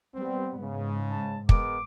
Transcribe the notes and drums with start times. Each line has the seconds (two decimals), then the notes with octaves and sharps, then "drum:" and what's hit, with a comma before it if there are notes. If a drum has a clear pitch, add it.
0.15 G3 B3 C4
0.61 G#2 C#3
1.10 A5
1.49 G#3 B3 A#4 D6, drum: kick